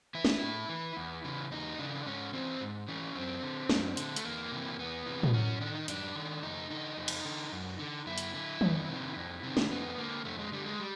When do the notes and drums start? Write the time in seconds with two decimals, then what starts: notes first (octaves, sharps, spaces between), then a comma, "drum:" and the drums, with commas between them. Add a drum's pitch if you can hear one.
0.15 E3 E4
0.25 drum: snare
0.42 A2
0.69 E3
0.97 E2
1.24 C#3 E3
1.51 E2 D#4
1.79 C#3 E3 D4
2.06 G#2 C#4
2.33 E3 C4
2.61 G#2
2.88 E3 C#4
3.15 F#2 C4
3.42 D3
3.70 F#2, drum: snare
3.97 D3, drum: hi-hat
4.16 A3, drum: hi-hat
4.24 E2 A#3
4.52 C3 E3
4.79 E2 B3
5.06 C3 E3
5.23 drum: tom A2
5.33 F#2 C#4
5.61 D#3 D4
5.75 D#4
5.88 F#2 D4, drum: hi-hat
6.15 D#3
6.43 F2 D#4
6.70 D3 D#4
6.97 F2
7.08 drum: cymbal
7.25 D3
7.52 F#2
7.79 D3
8.06 F#2 E4
8.18 drum: hi-hat
8.34 D3 E4
8.61 F2, drum: tom D#3
8.89 C3 D#3
9.16 F2
9.43 C3 D#3
9.57 drum: snare
9.71 F2 B3
9.98 D3 A#3
10.25 F2 A3
10.39 G#3
10.53 D3 G3
10.66 G#3
10.80 G3